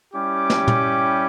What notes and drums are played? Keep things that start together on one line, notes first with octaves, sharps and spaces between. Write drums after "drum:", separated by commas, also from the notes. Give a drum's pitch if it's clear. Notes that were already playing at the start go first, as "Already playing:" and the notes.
G3 C#4 E4 G4 D6
drum: snare
drum: tom